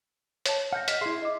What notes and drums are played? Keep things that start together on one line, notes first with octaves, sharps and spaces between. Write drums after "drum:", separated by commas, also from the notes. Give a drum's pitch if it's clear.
C#5 A5, drum: hi-hat
F#5 F6 G6 A#6
D#5 F6 B6, drum: hi-hat
E4 G#4 E5 C6 C7
D#5 D6